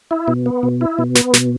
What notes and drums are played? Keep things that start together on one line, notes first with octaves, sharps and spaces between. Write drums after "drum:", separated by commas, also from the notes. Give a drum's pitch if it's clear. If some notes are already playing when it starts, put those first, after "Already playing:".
E4
B2
B3
B2
E4
B2
B3, drum: snare
B2, drum: snare